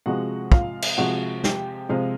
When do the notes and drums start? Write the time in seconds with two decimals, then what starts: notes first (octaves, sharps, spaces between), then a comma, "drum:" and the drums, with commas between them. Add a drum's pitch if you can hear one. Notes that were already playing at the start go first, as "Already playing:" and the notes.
0.06 C3 F3 G#3 F#4 F#5
0.52 F4 F5, drum: kick
0.82 drum: cymbal
0.97 C3 F3 G#3 F#4 F#5
1.44 G4 G5, drum: snare
1.89 C3 F3 G#3 F4 F5